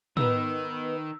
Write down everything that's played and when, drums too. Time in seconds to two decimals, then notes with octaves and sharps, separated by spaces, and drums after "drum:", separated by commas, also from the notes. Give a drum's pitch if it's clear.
0.17 D#3 B3 D#4 B4 E6, drum: tom